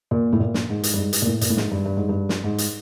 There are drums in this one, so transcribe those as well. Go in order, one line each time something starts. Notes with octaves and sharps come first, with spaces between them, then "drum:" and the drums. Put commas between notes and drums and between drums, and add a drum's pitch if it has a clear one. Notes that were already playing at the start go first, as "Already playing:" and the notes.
A#2
A2
A#2
drum: snare
G#2
drum: hi-hat
G2
G#2
drum: hi-hat
A#2
A2
A#2, drum: hi-hat
A2
G#2, drum: snare
G2
G2
G#2
G2
drum: snare
G#2
drum: hi-hat